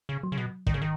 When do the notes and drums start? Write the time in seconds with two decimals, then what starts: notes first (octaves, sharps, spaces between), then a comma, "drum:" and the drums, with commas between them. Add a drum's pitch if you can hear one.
0.09 C#3
0.23 F#3
0.32 C#3
0.37 B2
0.67 G#2 D#3, drum: kick
0.74 C#3
0.82 D#3